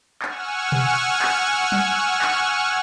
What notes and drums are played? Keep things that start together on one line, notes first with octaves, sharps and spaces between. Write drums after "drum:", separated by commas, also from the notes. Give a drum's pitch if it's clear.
F#5 G#5 C#6 E6 F6, drum: clap
drum: tom B2
drum: clap
drum: tom F#3
drum: clap